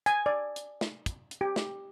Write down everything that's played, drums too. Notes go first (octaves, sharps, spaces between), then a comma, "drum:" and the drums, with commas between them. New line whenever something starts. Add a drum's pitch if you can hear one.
G#5, drum: hi-hat
D5
drum: hi-hat
drum: snare
drum: kick, hi-hat
drum: hi-hat
G4
drum: snare